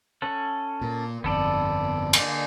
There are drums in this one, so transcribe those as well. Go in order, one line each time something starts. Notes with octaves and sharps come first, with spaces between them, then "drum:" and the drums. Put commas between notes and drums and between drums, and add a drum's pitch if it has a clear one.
C#4 A4 F#5
A#2
G1 F2 B3 A4 D5
D3 A#3 G#4, drum: cymbal